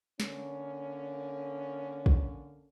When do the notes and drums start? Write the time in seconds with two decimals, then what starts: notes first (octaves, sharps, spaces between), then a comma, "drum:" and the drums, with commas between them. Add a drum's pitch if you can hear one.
0.20 D3 A#3 C#4, drum: snare
2.06 drum: kick